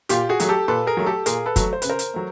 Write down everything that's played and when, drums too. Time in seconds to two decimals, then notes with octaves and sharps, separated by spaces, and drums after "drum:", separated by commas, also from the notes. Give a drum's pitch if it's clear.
0.09 A#2 F4 G4, drum: hi-hat
0.29 F#4 G#4
0.40 F#3 A3, drum: hi-hat
0.49 G4 A4
0.68 A#2 A4 B4
0.87 G#4 A#4
0.97 F#3 A3
1.06 G4 A4
1.26 A#2 G#4 A#4, drum: hi-hat
1.46 A4 B4
1.56 F#3 A3, drum: kick, hi-hat
1.73 C5
1.82 C#3 B4, drum: hi-hat
1.90 A#4 C5
1.99 drum: hi-hat
2.14 F#3 A3